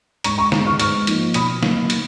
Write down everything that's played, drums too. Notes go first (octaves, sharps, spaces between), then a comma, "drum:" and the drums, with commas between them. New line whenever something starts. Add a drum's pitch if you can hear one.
G#2 A#5 C#6, drum: hi-hat
A#5 C#6
D#3 G#3 B3, drum: snare
C#6 F6
G#2 C#6 F6, drum: hi-hat
F3 A#3 D#4, drum: hi-hat
B2 B5 D#6, drum: hi-hat
F#3 A#3 D#4, drum: snare
drum: hi-hat